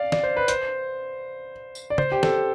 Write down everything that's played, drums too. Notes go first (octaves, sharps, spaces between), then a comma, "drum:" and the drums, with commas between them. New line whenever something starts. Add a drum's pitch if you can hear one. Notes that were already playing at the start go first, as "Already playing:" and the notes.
Already playing: D5 F5
D5, drum: snare
C5
B4
C5, drum: hi-hat
drum: tambourine
D5
C5, drum: tom C#3
G4
A4, drum: snare